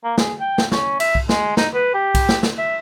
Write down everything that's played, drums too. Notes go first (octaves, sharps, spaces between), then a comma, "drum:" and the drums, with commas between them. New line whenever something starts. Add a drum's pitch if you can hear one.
A#3
G#4, drum: snare
G5
drum: snare
C#4, drum: snare
E5, drum: cymbal
drum: kick B1
G#3, drum: snare
D#4, drum: snare
B4
G4
drum: kick B1, cymbal
drum: snare
drum: snare
E5